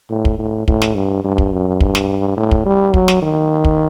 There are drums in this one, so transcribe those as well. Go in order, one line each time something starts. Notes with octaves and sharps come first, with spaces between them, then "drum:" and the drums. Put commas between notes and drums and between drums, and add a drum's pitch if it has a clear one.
A2
drum: kick
A2
A2, drum: kick
drum: snare
G2
G2
drum: kick
F#2
G2, drum: kick
drum: snare
A2
drum: kick
G3
F#3, drum: kick
drum: snare
D#3
drum: kick